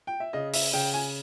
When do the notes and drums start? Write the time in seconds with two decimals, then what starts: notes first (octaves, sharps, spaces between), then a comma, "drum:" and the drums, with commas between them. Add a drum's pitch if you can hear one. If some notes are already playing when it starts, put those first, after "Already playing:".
0.07 G5
0.20 E5
0.33 C#3 D#5
0.54 E5, drum: open hi-hat
0.73 C#3 G5
0.94 G#5